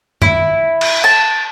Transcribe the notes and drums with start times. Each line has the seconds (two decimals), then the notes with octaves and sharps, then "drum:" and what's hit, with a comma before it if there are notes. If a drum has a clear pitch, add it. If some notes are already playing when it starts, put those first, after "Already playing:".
0.22 E4, drum: tom
0.81 drum: cymbal
1.04 A5